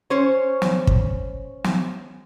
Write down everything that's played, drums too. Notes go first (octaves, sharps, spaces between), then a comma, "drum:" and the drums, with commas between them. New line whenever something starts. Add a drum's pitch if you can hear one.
C#4 C5 C#5
drum: snare
drum: kick
drum: snare